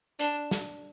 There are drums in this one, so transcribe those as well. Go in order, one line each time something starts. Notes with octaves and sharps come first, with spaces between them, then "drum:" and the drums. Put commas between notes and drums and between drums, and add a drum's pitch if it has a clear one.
D4, drum: hi-hat
drum: snare